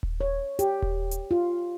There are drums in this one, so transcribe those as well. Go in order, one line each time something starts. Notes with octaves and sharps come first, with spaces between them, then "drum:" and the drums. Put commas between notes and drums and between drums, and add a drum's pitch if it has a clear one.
drum: kick D#1
C#5
G4, drum: hi-hat
drum: kick D#1
drum: hi-hat
F4